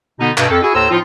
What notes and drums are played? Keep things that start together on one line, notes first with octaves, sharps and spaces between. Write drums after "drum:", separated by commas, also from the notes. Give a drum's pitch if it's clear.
B2 D3 B3 D#4
G2 B2, drum: clap
F2 A4
E4 F#4 G#4 G#5
D#2 A2 A4 C5 A#5 E6
A2 F3 C4 D#4 F4